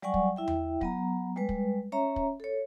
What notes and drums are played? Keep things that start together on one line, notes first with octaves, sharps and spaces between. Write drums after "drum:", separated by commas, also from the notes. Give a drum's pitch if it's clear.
F#3 G3 D5 F#5 G#5 C#6
drum: kick
E4 E5 G5
drum: tom E2
F#3 B3 A#5, drum: kick
G3 G#3 B4
drum: kick
C#4 C#5 E5 A#5
drum: kick
A4 C#5